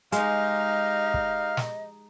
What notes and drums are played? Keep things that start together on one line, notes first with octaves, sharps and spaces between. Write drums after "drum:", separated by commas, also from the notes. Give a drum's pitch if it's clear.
G#3 D#4 G4 D#5 F5, drum: hi-hat
drum: kick
drum: snare